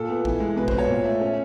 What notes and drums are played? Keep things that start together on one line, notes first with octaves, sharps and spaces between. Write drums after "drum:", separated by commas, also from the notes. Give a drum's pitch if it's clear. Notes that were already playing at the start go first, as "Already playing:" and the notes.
Already playing: A#2 A4
B3
E3, drum: kick
G#3
B2 B4
B2 C5, drum: kick
C#5
A#2
A3
C#4